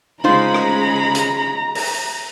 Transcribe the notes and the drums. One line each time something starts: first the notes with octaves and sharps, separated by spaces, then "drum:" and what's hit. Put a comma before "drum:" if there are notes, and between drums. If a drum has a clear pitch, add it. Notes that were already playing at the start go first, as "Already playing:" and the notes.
C#3 G#3 D#4 F4 C5 A#5 B5
drum: rim click
drum: hi-hat
drum: open hi-hat